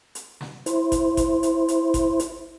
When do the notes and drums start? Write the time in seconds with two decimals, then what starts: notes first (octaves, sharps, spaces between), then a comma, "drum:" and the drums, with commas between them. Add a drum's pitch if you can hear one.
0.15 drum: hi-hat
0.41 drum: snare
0.66 E4 C5, drum: hi-hat
0.92 drum: kick G1, hi-hat
1.17 drum: kick G1, hi-hat
1.43 drum: hi-hat
1.68 drum: hi-hat
1.94 drum: kick G1, hi-hat
2.19 drum: hi-hat